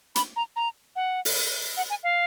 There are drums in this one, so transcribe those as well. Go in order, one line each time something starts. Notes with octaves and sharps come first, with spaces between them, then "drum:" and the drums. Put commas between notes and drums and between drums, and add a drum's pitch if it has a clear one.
B5, drum: hi-hat
A#5
A#5
F#5
drum: open hi-hat
F#5
G#5
F5